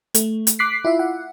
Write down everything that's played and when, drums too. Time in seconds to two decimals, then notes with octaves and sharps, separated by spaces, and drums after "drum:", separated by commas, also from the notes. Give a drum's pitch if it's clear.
0.14 A3, drum: hi-hat
0.47 drum: hi-hat
0.59 D6 F#6 B6 C7
0.85 E4 F4 E5
0.99 F#5